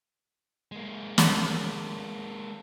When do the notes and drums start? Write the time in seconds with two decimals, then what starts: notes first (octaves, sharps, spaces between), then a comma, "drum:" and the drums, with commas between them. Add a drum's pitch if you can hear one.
0.72 G#3 A#3
1.18 drum: snare